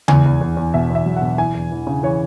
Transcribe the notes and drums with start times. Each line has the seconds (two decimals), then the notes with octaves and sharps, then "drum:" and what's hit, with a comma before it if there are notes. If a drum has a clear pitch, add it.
0.08 E2 G#5, drum: tom C#3
0.25 E2
0.41 E2
0.57 E2
0.74 B2 E5
0.90 E2
0.95 E5
1.06 F#3
1.17 F#5
1.22 B2
1.38 E3 G#5
1.54 E2
1.71 E3
1.87 C#3
2.03 E3 C#5